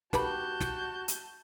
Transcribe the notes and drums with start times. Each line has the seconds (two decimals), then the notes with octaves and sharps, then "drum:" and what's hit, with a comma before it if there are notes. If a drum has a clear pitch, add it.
0.13 D#3 A3 F#4 G4 B4 A5 B5 G6, drum: snare
0.61 drum: snare
1.08 drum: hi-hat